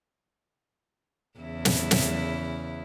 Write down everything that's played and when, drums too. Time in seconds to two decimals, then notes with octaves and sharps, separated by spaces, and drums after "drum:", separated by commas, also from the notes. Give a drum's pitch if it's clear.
1.39 E2 C#3 E4
1.65 drum: snare
1.91 drum: snare